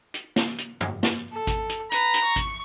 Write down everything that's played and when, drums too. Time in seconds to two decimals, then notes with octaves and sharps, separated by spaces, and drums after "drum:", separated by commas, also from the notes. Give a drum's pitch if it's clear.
0.14 drum: hi-hat
0.36 drum: snare
0.58 drum: hi-hat
0.81 drum: tom
1.03 drum: snare
1.32 A4
1.47 drum: kick G#1, hi-hat
1.69 drum: hi-hat
1.92 B4 A#5, drum: hi-hat
2.14 drum: hi-hat
2.24 C#6
2.36 drum: kick G#1, hi-hat